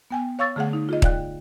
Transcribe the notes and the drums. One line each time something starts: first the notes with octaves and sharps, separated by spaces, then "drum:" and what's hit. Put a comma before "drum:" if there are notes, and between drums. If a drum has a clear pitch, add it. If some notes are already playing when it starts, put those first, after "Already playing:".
B3 G5 G#5
C#5 F5 C#6 E6 A6
D3 A3 G#4 F5 F#5
D#4
F4 G#4 D#5
D5 F5 G5 F#6, drum: kick D#1